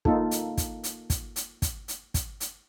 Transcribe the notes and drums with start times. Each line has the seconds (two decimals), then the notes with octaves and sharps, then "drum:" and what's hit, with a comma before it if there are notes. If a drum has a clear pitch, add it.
0.05 A#3 D#4 F4 A4, drum: kick
0.31 drum: hi-hat
0.57 drum: kick, hi-hat
0.84 drum: hi-hat
1.10 drum: kick, hi-hat
1.36 drum: hi-hat
1.62 drum: kick, hi-hat
1.88 drum: hi-hat
2.14 drum: kick, hi-hat
2.40 drum: hi-hat